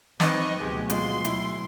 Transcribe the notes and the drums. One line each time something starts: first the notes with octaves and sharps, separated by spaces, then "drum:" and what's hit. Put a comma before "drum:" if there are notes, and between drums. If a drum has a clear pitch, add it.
C4 D#4 B4 D#5 C#6 D6, drum: snare
D2 B2 F#3 G#3 G4
G#3 F4 C6, drum: hi-hat
E4, drum: hi-hat